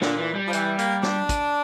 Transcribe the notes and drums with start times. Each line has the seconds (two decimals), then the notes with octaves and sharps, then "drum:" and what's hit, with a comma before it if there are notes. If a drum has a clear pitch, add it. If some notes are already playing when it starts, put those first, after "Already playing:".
0.02 A#2 D3, drum: snare
0.18 E3
0.35 G3
0.47 F3
0.53 E3, drum: hi-hat
0.79 A#3, drum: hi-hat
1.03 D4, drum: snare
1.29 drum: kick, hi-hat